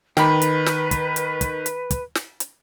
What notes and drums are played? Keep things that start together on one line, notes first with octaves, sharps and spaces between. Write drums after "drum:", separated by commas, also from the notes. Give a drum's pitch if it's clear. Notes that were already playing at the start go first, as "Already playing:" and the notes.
D#3 B4 G5 B5, drum: snare
drum: hi-hat
drum: snare
drum: kick, hi-hat
drum: hi-hat
drum: kick, hi-hat
drum: hi-hat
drum: kick, hi-hat
drum: snare
drum: hi-hat